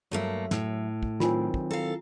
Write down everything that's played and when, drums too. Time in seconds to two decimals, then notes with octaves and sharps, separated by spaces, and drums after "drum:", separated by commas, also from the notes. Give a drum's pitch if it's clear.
0.11 G2 F#3 A3 A#3 E5
0.51 A2, drum: snare
1.03 drum: kick
1.20 D#3 F#3 C4 F4 G#5, drum: snare
1.54 drum: kick
1.71 E4 A4 F5